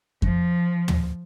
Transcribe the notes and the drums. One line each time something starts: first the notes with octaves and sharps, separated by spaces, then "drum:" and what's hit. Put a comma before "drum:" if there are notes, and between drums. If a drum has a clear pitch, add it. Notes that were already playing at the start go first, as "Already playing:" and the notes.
F3, drum: kick F2
drum: tom